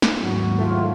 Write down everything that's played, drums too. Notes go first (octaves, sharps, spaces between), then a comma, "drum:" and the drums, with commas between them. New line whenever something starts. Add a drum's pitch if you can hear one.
drum: snare
D#2 G#2 F#3
A3 E4 F4